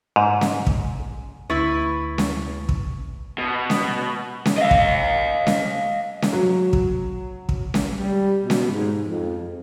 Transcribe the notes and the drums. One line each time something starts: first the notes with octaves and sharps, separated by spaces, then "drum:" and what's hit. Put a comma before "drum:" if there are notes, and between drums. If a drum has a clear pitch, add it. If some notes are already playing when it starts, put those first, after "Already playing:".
G#2
drum: snare C#4
drum: kick
D2 E4 B4 C#6 A6
drum: snare C#4
drum: kick
B2
drum: snare C#4
drum: snare C#4
D#5 F5
drum: kick
drum: snare C#4
drum: snare C#4
F#3
drum: kick
drum: kick
drum: snare C#4
G3
B2
drum: snare C#4
G#2
F2